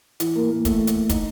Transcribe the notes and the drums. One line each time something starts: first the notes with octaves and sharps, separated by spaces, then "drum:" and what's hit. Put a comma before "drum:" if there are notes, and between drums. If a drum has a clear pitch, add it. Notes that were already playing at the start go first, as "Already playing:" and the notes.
E3, drum: hi-hat
A#3
A#3
A3, drum: kick, hi-hat
drum: hi-hat
D#4, drum: kick, hi-hat